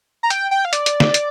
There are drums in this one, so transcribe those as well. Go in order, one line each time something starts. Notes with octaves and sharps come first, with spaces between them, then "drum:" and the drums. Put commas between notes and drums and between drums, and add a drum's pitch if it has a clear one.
A#5
G5, drum: hi-hat
G5
F5
D5, drum: hi-hat
drum: hi-hat
drum: snare
drum: hi-hat